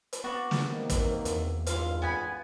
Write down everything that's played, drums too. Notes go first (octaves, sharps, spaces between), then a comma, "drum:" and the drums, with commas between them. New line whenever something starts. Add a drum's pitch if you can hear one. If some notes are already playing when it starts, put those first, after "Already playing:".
drum: hi-hat
B3 D4 F#4 F#5
drum: snare
C3 D#3 A#3
drum: kick, hi-hat
E2, drum: hi-hat
G#1 G2 F4 F5 C6, drum: hi-hat
B3 G#5 B5